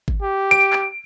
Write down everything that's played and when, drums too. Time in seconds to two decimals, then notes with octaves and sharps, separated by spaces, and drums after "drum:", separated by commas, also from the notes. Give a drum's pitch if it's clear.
0.08 drum: kick G#1
0.22 G4
0.51 D7
0.73 drum: clap